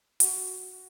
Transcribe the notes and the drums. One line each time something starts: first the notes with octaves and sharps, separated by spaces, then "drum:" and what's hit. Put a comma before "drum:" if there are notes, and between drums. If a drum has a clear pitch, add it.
F#4, drum: hi-hat